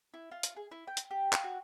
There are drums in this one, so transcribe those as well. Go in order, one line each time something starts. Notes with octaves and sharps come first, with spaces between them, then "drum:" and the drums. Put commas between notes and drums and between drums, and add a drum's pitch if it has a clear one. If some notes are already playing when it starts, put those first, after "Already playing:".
E4
F4
drum: hi-hat
G#4
E4
G5
drum: hi-hat
G4
F5, drum: clap
F#4